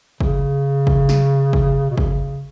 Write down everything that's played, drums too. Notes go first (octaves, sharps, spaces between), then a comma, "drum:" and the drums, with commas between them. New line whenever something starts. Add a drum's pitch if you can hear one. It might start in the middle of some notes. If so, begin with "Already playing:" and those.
C#3, drum: kick
drum: kick
drum: snare
drum: kick
B2
C#3, drum: kick